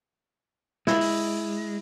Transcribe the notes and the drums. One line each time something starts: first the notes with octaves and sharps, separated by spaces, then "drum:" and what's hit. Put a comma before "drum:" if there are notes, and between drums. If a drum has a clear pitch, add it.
G#3 E4, drum: snare
drum: open hi-hat